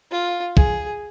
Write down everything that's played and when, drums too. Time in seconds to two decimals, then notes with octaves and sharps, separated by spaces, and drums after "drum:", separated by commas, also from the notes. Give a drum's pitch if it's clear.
0.11 F4
0.57 G#4, drum: kick A#1